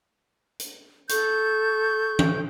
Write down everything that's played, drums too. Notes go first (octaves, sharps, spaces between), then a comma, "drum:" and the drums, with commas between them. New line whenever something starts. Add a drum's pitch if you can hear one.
drum: hi-hat
A4 C#6 G6, drum: hi-hat
drum: tom E3